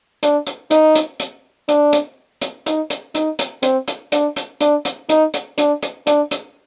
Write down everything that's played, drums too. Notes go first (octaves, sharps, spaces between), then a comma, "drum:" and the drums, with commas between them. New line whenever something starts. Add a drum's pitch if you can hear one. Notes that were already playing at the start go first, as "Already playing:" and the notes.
D4, drum: hi-hat
drum: hi-hat
D#4, drum: hi-hat
drum: hi-hat
drum: hi-hat
D4, drum: hi-hat
drum: hi-hat
drum: hi-hat
D#4, drum: hi-hat
drum: hi-hat
D#4, drum: hi-hat
drum: hi-hat
C4, drum: hi-hat
drum: hi-hat
D4, drum: hi-hat
drum: hi-hat
D4, drum: hi-hat
drum: hi-hat
D#4, drum: hi-hat
drum: hi-hat
D4, drum: hi-hat
drum: hi-hat
D4, drum: hi-hat
drum: hi-hat